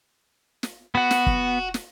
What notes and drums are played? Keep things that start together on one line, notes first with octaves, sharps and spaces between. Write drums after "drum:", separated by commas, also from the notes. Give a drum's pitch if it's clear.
drum: snare
B3 F#4 F#5
drum: snare
drum: kick
drum: snare